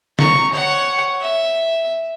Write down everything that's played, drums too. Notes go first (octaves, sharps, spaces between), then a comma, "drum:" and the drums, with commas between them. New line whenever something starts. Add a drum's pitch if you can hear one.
A#5 C#6, drum: snare
C#5 F#5
E5